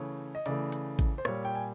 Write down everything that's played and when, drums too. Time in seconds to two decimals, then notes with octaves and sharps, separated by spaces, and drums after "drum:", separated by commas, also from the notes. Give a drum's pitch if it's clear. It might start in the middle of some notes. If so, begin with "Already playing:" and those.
Already playing: C#3 E3 A3 C#5
0.35 D#5
0.46 C#3 E3 A3 D5, drum: hi-hat
0.72 drum: hi-hat
0.99 drum: kick A1, hi-hat
1.18 C5
1.25 A#2 G3 C#5, drum: rim click
1.45 G5
1.55 G#5